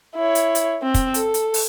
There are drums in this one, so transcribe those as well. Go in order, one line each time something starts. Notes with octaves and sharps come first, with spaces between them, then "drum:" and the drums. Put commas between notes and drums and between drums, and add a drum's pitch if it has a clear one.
E4 C#5
drum: hi-hat
drum: hi-hat
C4
drum: kick, hi-hat
A4, drum: hi-hat
drum: hi-hat
drum: open hi-hat